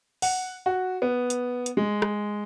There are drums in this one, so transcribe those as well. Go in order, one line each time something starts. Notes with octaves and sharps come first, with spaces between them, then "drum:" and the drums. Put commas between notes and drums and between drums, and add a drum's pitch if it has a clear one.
F#5, drum: open hi-hat
F#4
B3
drum: hi-hat
drum: hi-hat
G#3
drum: rim click